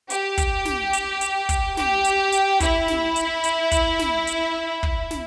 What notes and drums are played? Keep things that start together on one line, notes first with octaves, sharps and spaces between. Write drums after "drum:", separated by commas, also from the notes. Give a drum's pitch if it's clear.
G4, drum: hi-hat
drum: kick, hi-hat
drum: snare
drum: hi-hat
drum: hi-hat
drum: kick, hi-hat
G4, drum: snare
drum: hi-hat
drum: hi-hat
E4, drum: kick, hi-hat
drum: snare
drum: hi-hat
drum: hi-hat
drum: kick, hi-hat
drum: snare
drum: hi-hat
drum: kick
drum: snare